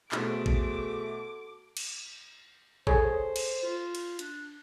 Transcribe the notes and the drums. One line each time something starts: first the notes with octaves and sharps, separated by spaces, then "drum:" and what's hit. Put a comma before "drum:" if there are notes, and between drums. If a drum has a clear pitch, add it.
B2 A3 F#4 G#4 A4 C5 E5 D6, drum: clap
drum: kick
drum: cymbal
G#4 A4 C5 C#5, drum: kick
drum: cymbal
F4
drum: cymbal
D4, drum: hi-hat